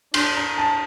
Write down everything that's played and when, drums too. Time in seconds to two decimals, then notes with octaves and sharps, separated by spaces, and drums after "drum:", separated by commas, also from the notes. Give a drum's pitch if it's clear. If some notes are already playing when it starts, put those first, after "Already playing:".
0.14 D4 C6, drum: cymbal
0.36 A#5
0.58 A5